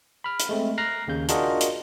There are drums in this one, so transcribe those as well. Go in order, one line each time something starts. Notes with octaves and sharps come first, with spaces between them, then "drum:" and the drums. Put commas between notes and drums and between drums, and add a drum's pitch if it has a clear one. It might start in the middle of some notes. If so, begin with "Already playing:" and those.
B5 F6
drum: hi-hat
G#3 A3 C4
A#5 F6 F#6 A#6 C7
D#2 C#3 G6
D4 F4 F#4 G#4 A#4 D#5, drum: hi-hat
drum: hi-hat